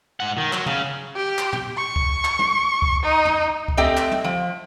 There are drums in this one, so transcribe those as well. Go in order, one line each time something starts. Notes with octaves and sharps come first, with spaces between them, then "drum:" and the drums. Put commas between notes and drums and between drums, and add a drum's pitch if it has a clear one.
G#2 F#5
D#3
F#3, drum: clap
C#3, drum: tom
G4
drum: clap
drum: tom
C#6
drum: kick C#2
drum: clap
drum: tom
drum: kick C#2
D#4
drum: tom
drum: kick C#2
A3 C4 G4 D#5 E5 G5
drum: clap
drum: tom
F3